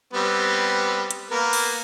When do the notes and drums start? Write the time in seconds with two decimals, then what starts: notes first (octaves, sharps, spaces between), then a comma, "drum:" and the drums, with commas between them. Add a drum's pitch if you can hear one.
0.13 G3 B3 C4
1.11 drum: hi-hat
1.31 A#3 B3 A#4
1.53 drum: cymbal